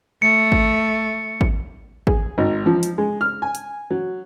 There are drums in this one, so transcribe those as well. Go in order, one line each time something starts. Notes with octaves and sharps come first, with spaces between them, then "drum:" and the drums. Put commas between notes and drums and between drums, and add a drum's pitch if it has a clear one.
A3 C#7
drum: kick G#1
drum: kick G#1
G#4, drum: kick G#1
G#1
F3
drum: hi-hat
G#3
F6
G#5
drum: hi-hat
F#3